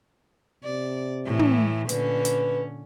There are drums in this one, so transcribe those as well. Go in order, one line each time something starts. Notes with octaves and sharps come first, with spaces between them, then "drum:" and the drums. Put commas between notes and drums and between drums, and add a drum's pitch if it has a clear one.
C3 D5
A2 E3
drum: tom
A#2 D3 C#4 B4, drum: hi-hat
drum: hi-hat